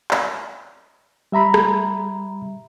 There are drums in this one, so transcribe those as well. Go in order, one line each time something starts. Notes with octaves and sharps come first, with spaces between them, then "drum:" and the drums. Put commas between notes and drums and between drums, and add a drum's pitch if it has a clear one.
drum: clap
G3 E5 A#5 B5
drum: rim click